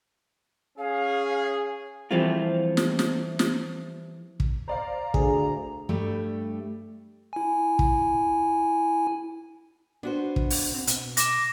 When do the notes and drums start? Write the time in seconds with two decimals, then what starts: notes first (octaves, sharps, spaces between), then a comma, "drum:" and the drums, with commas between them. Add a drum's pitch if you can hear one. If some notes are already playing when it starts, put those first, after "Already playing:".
0.78 C#4 G#4 F5
2.11 E3 F3 G3 A3 C4 F4
2.77 drum: snare
2.99 drum: snare
3.39 drum: snare
4.40 drum: kick
4.68 C5 D5 F5 A#5
5.14 D2 G#4, drum: kick
5.89 G2 G3 A3 G4
7.33 E4 G#5
7.79 drum: kick
10.03 B3 D4 F#4 C5
10.36 drum: kick
10.50 drum: open hi-hat
10.74 C4
10.87 B2, drum: hi-hat
11.17 D6 A#6 E7, drum: hi-hat